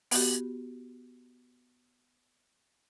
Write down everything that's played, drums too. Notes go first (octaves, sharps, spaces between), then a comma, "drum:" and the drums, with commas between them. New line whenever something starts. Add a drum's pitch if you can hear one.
B3 F#4 G4, drum: open hi-hat